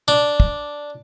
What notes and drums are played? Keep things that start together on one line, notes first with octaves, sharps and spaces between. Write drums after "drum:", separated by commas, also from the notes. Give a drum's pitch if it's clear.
D4
drum: kick